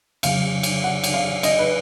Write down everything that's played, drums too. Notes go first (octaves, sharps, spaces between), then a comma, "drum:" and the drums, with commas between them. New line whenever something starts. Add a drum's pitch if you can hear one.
F2 C#3 F#3 F5, drum: cymbal
drum: cymbal
F#5
drum: cymbal
F5
D#5, drum: cymbal
B4